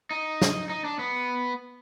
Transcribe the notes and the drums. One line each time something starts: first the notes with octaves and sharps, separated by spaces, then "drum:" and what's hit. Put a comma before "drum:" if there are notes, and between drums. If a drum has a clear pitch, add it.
D#4
drum: snare
D#4
D4
B3